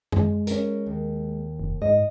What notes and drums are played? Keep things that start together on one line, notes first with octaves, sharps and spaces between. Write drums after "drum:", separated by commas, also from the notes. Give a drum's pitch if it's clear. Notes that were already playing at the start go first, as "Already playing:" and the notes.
G#3, drum: tom F#2
C#4 A#4, drum: hi-hat
D#2
F1
G#2 D#5